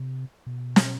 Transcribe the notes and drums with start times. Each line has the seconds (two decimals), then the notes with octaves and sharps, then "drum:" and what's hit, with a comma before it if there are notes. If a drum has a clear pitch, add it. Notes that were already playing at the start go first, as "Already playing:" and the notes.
Already playing: C3
0.47 B2
0.76 drum: snare